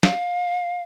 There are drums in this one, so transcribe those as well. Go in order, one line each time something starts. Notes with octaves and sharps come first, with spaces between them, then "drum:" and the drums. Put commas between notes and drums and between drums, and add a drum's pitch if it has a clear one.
F5, drum: snare